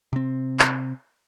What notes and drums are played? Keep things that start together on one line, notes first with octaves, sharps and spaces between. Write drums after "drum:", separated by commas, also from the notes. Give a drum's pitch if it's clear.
C3 C4
drum: clap